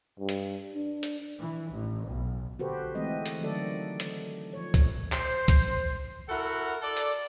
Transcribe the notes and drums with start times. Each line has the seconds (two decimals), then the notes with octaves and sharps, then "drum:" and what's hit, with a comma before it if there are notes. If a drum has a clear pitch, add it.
0.19 G2
0.29 drum: hi-hat
0.75 D4
1.03 drum: hi-hat
1.40 E3
1.73 A1
2.09 B1
2.59 D3 F#4 G4 A4 B4 C5
2.95 E3 G#3 A3 C4 D#5
3.26 drum: hi-hat
3.41 D3 D#3 F#3 A3 A4 D5
4.00 drum: hi-hat
4.54 F3 C#5
4.74 drum: kick C2, hi-hat
5.12 C5, drum: clap
5.48 drum: kick C2, hi-hat
6.28 E4 F#4 A4 A#4 F#5
6.81 A4 D5
6.97 drum: hi-hat